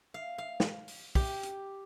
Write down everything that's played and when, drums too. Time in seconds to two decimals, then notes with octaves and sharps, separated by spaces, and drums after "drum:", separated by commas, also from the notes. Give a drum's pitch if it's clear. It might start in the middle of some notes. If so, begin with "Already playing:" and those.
0.14 F5
0.38 F5
0.60 drum: snare
0.88 drum: open hi-hat
1.15 G4, drum: kick, open hi-hat
1.43 drum: hi-hat